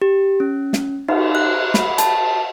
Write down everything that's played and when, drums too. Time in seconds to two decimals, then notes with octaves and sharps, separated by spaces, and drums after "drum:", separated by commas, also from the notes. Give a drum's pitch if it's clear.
0.02 G4
0.40 C#4
0.73 drum: snare
1.08 D#4, drum: cymbal
1.35 F#6
1.74 B5, drum: snare
1.98 A5, drum: hi-hat